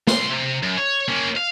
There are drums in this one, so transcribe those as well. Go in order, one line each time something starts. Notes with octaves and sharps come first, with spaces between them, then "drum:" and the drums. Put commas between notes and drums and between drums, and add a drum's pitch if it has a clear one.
C2 C6, drum: snare
C3
F#2
C#5
A#3 C#4
F5